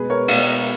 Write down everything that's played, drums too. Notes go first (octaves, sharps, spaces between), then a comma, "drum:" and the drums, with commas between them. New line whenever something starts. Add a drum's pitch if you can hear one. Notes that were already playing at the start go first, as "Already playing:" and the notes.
Already playing: B2 G#3 G#4 B4
A#4 C#5
B2 G#3, drum: cymbal